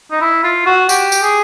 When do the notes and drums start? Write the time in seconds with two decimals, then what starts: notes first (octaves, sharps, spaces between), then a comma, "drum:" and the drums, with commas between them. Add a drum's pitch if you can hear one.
0.11 D#4
0.21 E4
0.44 F4
0.66 F#4
0.89 G4, drum: tambourine
1.12 drum: tambourine
1.23 G#4